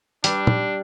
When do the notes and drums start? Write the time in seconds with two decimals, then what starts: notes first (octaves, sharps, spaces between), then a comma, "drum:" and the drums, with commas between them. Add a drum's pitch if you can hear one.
0.24 G3 D4, drum: hi-hat
0.47 drum: tom